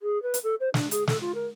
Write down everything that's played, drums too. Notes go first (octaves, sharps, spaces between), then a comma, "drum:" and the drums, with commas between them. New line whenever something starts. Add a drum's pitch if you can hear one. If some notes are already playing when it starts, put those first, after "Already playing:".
G#4
B4
drum: hi-hat
A4
C5
D4, drum: snare
G#4, drum: hi-hat
A4, drum: snare
F4
A#4